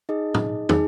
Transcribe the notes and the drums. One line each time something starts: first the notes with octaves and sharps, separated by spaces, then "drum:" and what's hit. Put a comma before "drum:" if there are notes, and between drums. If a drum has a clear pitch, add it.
D#4 G#4 D#5
drum: tom A2
D#4 G#4, drum: tom